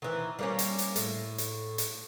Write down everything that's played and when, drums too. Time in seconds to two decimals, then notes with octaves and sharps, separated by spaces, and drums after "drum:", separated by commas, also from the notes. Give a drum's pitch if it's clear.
0.02 D#3 E3
0.39 G3 A#3 C#4
0.59 drum: hi-hat
0.79 drum: hi-hat
0.96 A2, drum: hi-hat
1.38 drum: hi-hat
1.78 drum: hi-hat